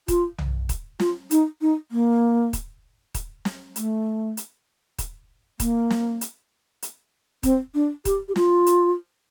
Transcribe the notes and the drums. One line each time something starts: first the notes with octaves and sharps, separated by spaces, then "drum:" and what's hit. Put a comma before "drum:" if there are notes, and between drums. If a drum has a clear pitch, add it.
F4, drum: kick D#1, hi-hat
drum: tom
drum: kick D#1, hi-hat
F4, drum: snare
D#4, drum: hi-hat
D#4
A#3
drum: kick D#1, hi-hat
drum: kick D#1, hi-hat
drum: snare
A3, drum: hi-hat
drum: hi-hat
drum: kick D#1, hi-hat
A#3, drum: kick D#1, hi-hat
drum: snare
drum: hi-hat
drum: hi-hat
C4, drum: kick D#1, hi-hat
D4
G4, drum: kick D#1, hi-hat
G4
F4, drum: snare
drum: hi-hat